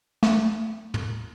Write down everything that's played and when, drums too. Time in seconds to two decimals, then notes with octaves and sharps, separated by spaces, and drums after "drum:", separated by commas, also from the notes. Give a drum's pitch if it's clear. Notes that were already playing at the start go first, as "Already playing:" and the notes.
0.23 A3, drum: snare
0.94 drum: tom